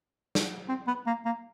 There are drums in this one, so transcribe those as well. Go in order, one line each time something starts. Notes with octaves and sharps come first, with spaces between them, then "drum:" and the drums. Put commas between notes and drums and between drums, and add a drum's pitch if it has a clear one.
drum: snare
C4
B3
A#3
A#3